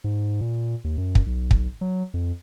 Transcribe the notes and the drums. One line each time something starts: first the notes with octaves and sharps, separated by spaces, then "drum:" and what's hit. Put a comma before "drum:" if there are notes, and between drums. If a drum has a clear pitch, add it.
G#2
A#2
D#2
F#2
drum: kick
B1
drum: kick
F#3
F2